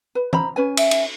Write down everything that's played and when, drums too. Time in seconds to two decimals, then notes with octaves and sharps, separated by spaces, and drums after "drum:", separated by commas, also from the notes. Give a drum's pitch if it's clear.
0.15 B4
0.33 C5 A#5 B5, drum: tom
0.56 C#4 B4 G#5
0.77 E5, drum: cymbal
0.91 drum: cymbal